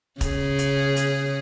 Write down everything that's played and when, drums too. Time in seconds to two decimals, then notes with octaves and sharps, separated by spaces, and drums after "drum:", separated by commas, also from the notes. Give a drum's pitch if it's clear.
0.21 C#3 G#4, drum: kick, hi-hat
0.59 drum: hi-hat
0.96 drum: hi-hat